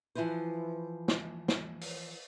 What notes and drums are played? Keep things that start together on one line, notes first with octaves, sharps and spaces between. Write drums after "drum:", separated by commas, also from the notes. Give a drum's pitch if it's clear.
E3 F3 E4 B4 C5
drum: snare
drum: snare
drum: open hi-hat